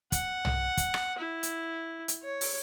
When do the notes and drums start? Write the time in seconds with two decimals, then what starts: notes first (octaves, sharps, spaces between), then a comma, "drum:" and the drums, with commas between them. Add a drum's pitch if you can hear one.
0.12 F#5, drum: kick, hi-hat
0.45 drum: tom
0.77 drum: kick, hi-hat
0.94 drum: rim click
1.18 E4
1.43 drum: hi-hat
2.08 drum: hi-hat
2.23 C#5
2.41 drum: open hi-hat